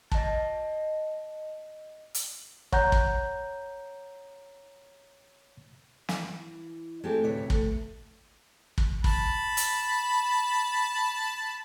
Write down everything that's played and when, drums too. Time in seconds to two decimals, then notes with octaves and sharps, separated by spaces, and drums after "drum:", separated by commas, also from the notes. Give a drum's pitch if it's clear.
0.12 D#5 A5, drum: kick
2.14 drum: hi-hat
2.72 C#5 F#5 A#5 G6, drum: kick
2.92 drum: kick
6.09 E3, drum: snare
7.04 G#3 A3 C4 G4 A4
7.23 D2 A2 C3 B4 C#5
7.50 A3, drum: kick
8.78 drum: kick
9.04 A5 B5, drum: kick
9.57 drum: hi-hat